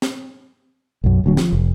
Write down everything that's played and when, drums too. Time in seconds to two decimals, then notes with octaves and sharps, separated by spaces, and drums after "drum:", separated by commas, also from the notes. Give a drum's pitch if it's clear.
0.02 drum: snare
1.04 B1 F#2
1.24 D1 D2 F#3
1.37 F3, drum: snare
1.53 F1